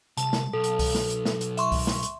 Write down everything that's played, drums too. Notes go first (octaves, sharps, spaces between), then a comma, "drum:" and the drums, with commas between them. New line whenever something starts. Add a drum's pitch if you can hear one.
C2 A5, drum: hi-hat
drum: snare
B1 A4
drum: hi-hat
drum: kick C2, open hi-hat
drum: snare
drum: hi-hat
drum: snare
drum: hi-hat
E5 C6 C#6, drum: hi-hat
drum: kick C2, open hi-hat
drum: snare
drum: hi-hat